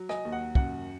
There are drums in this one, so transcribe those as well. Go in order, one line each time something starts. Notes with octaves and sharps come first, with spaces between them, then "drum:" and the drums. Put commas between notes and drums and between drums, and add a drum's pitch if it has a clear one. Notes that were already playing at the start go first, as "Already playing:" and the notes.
Already playing: F#3
D#5 G#5, drum: rim click
D#2
F#5
F#2 F#5, drum: kick